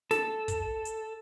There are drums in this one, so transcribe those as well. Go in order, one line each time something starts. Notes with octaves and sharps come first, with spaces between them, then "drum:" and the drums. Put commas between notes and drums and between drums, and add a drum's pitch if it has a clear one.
A4, drum: snare
drum: kick, hi-hat
drum: hi-hat